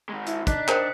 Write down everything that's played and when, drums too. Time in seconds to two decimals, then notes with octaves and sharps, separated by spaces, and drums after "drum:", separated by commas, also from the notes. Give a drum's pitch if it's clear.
0.09 D#3 G#3
0.27 E4, drum: hi-hat
0.47 D4 D#4 F#6 B6, drum: kick, hi-hat
0.68 A#4 C5 G5 D#6 F#6 C#7, drum: clap